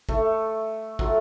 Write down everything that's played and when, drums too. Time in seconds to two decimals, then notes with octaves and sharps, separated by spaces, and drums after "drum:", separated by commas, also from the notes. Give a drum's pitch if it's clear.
0.09 A3, drum: kick
0.99 F#3 A3 F4, drum: kick